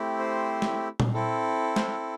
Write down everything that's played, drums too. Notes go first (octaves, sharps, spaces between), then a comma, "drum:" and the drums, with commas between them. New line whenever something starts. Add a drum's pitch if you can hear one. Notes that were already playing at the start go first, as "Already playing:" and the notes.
Already playing: A3 C4 E4 G4
C5
drum: snare
drum: tom A#2
C4 E4 A4
C5, drum: snare